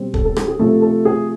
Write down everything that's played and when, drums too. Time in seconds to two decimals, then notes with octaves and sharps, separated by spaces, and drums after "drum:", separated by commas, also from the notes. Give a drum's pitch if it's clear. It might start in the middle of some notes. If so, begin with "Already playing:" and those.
Already playing: B2 G3 C4
0.14 A4, drum: kick
0.25 A4
0.36 G#4, drum: rim click
0.47 G#4
0.59 C3 F3 A3 A4
0.82 A4
1.05 G#4